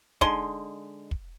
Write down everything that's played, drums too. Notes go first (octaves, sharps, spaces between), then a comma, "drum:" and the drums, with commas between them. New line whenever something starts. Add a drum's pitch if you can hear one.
D3 G#3 D#4 C6, drum: kick
drum: kick